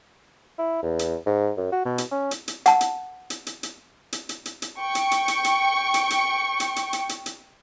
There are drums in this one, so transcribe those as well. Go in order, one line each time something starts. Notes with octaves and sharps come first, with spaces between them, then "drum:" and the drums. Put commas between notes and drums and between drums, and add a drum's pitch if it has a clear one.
E4
E2
drum: hi-hat
G#2
F#2
F#4
B2
drum: hi-hat
C#4
drum: hi-hat
drum: hi-hat
F#5 A5, drum: hi-hat
drum: hi-hat
drum: hi-hat
drum: hi-hat
drum: hi-hat
drum: hi-hat
drum: hi-hat
drum: hi-hat
drum: hi-hat
G5 C#6
drum: hi-hat
drum: hi-hat
drum: hi-hat
drum: hi-hat
drum: hi-hat
drum: hi-hat
drum: hi-hat
drum: hi-hat
drum: hi-hat
drum: hi-hat
drum: hi-hat